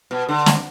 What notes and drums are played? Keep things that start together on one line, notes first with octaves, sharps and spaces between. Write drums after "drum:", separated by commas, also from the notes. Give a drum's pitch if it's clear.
B2
D3
drum: snare